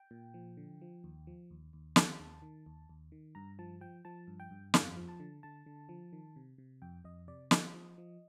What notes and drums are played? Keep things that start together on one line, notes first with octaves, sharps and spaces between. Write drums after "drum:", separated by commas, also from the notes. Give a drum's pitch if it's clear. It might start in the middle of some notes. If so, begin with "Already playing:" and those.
Already playing: G5
A#2
F3
D3
F3
D#2
F3
D#2
D#2
D#3 A5, drum: snare
D#2
D#3
D#2
D#2
D#3
G2 A#5
F3 A5
F3 G5
F3 A5
G2
G5
G2
F2 F5, drum: snare
F3
A5
D3
D3 A5
D3
F3
D#3
C3
C3
F2 G5
F2 D#5
C3 D5
F3 D#5, drum: snare
F3
F3